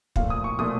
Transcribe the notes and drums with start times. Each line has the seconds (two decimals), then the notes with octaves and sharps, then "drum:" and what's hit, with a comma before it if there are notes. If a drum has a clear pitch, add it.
0.16 A#2 F3 A3 F5, drum: kick
0.30 D#6
0.44 C#6
0.59 A#2 F3 A3 D#6